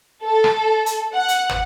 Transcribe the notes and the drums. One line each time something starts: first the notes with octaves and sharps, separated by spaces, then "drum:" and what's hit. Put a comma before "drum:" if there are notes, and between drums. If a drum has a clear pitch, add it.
A4
drum: rim click
drum: hi-hat
F#5
drum: hi-hat
drum: tom